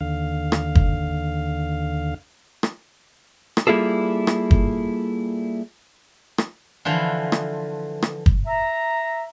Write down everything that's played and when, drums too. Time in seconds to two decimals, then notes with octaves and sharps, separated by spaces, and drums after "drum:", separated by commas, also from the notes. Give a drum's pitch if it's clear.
0.01 D#2 D3 F5
0.52 drum: rim click
0.75 drum: kick
2.63 drum: rim click
3.57 drum: rim click
3.67 G3 A#3 E4 F4 G#4 A4
4.27 drum: rim click
4.51 drum: kick
6.38 drum: rim click
6.85 D3 E3 F3
7.32 drum: rim click
8.02 drum: rim click
8.26 drum: kick
8.46 E5 A#5